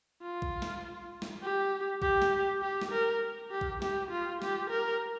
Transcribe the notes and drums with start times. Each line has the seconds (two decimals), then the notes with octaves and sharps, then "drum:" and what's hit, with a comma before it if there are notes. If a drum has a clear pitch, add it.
0.22 F4
0.42 drum: kick A#1
0.62 drum: snare
1.22 drum: snare
1.42 G4
2.02 G4, drum: kick A#1
2.22 drum: snare
2.62 G4
2.82 drum: snare
2.91 A#4
3.51 G4
3.61 drum: kick A#1
3.82 G4, drum: snare
4.11 F4
4.42 G4, drum: snare
4.70 A#4